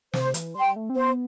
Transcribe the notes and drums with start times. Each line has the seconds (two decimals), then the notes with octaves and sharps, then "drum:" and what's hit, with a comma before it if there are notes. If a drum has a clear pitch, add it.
0.14 C3 C5, drum: snare
0.34 E3, drum: hi-hat
0.55 G3 G5 C6
0.76 A3
0.90 C4
0.96 B3 C5